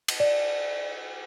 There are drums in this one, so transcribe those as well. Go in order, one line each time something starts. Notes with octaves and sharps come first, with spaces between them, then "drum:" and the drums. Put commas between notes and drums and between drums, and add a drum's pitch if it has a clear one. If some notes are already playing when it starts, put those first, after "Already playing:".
drum: cymbal
D5